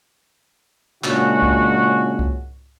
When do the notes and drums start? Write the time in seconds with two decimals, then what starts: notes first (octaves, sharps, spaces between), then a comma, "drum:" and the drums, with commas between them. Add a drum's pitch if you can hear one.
1.04 A#2 C#3 G#3 C#4 D4 F#4, drum: clap
1.42 drum: kick C2
2.19 drum: kick C2